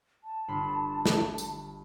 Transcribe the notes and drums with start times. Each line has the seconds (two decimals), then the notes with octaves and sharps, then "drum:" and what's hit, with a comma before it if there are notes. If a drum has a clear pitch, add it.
0.24 A5
0.48 G1 B5 C6
1.06 drum: snare
1.38 drum: tambourine